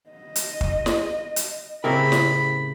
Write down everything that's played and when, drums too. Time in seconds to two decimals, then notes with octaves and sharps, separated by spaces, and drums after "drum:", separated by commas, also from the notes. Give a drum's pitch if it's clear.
0.10 D#5
0.36 drum: hi-hat
0.61 drum: kick
0.86 drum: snare
1.36 drum: hi-hat
1.84 A2 C#3 C4 E4 G4 A#4 B5
2.12 drum: snare